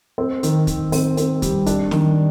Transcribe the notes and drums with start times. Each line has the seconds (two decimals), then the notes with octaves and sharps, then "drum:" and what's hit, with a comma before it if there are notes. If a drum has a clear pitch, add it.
0.18 C4
0.43 D#3, drum: hi-hat
0.67 D#3, drum: kick, hi-hat
0.92 C4, drum: open hi-hat
1.17 C4, drum: hi-hat
1.42 G3, drum: kick, hi-hat
1.66 D4, drum: kick, hi-hat
1.91 D#3, drum: snare